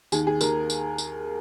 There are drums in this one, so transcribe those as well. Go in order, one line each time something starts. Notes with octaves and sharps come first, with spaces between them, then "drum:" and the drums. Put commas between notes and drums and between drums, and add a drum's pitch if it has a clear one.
D#2 D#3 G#4, drum: tambourine
G#4
D#2 D#3 A#4, drum: tambourine
drum: tambourine
drum: tambourine